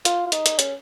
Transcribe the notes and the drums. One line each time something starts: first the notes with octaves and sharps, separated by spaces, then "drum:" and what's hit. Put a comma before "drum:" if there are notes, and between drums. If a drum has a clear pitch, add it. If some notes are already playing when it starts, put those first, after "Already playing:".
F4, drum: hi-hat
F4
D#4, drum: hi-hat
drum: hi-hat
C#4, drum: hi-hat